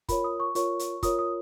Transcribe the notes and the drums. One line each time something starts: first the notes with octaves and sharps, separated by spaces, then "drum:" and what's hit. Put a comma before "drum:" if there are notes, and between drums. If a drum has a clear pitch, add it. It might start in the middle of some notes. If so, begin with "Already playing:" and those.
F4 A#4 C#5 B5, drum: kick, hi-hat
D#6
C#6
F4 A#4 C#5 C#6, drum: hi-hat
drum: hi-hat
F4 A#4 C#5 D#6, drum: kick, hi-hat
D#6